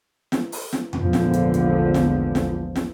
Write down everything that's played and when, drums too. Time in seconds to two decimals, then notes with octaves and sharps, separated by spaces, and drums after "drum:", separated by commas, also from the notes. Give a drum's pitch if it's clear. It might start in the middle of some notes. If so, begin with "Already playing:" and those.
0.32 drum: snare
0.52 drum: open hi-hat
0.73 drum: snare
0.93 A#1 E2 G#2 D3 F3, drum: tom F2
1.13 drum: snare
1.33 drum: hi-hat
1.54 drum: hi-hat
1.94 drum: snare
2.35 drum: snare
2.76 drum: snare